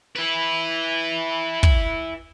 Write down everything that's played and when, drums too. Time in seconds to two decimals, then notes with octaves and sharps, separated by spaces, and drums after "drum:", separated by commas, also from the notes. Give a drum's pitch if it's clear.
0.15 E4 B4
1.63 drum: kick